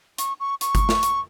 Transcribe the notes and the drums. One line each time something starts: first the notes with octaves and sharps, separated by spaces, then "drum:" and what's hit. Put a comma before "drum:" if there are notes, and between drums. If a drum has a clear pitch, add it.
C#6, drum: hi-hat
C#6
C#6, drum: hi-hat
drum: kick G1, hi-hat
drum: snare
drum: hi-hat